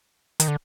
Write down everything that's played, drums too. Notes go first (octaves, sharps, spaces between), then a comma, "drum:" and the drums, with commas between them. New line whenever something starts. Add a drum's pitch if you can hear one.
D#3, drum: hi-hat
D3